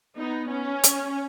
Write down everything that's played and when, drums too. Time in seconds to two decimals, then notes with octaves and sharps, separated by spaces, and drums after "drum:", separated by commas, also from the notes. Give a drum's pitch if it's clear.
0.17 B3 D#4
0.51 C#4
0.83 drum: hi-hat